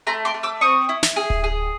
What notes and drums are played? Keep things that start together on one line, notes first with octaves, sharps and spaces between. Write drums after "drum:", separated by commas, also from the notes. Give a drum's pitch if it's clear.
A3 A#5 C6
C6 D6
A3
D6 E6
C4 C#6 D#6
E4
drum: snare
G#4
drum: kick D1
G#4